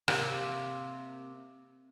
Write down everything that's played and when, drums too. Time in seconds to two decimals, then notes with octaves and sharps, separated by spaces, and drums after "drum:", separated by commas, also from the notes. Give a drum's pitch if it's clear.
0.08 C3 A#3, drum: rim click